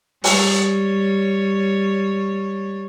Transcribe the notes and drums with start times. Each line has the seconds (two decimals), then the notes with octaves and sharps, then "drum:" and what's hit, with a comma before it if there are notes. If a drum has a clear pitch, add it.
0.24 G3 C#5, drum: open hi-hat